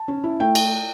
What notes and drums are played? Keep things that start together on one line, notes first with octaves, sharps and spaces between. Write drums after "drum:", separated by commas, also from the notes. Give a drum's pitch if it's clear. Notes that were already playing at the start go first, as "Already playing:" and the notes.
Already playing: A5
C#4
E4
A3 G5
drum: cymbal